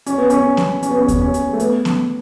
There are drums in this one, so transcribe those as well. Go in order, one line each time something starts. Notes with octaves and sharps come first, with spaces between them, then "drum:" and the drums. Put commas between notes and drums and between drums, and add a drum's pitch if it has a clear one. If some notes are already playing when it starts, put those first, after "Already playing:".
C#4, drum: hi-hat
B3
C#4, drum: hi-hat
drum: snare B3
C#4, drum: hi-hat
B3
C#4
drum: kick D#2, hi-hat
C#4
drum: hi-hat
A3
B3, drum: hi-hat
drum: snare B3